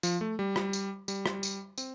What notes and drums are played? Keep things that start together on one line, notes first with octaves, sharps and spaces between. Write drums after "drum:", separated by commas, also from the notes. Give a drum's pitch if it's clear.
F3, drum: tambourine
A3
G3
drum: rim click
drum: tambourine
G3, drum: tambourine
drum: rim click
drum: tambourine
C4, drum: tambourine